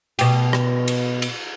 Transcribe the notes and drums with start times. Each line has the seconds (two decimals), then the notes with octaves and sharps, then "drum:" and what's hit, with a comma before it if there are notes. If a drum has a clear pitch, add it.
0.19 B2 G4, drum: cymbal
0.53 drum: rim click
0.88 drum: cymbal
1.22 drum: cymbal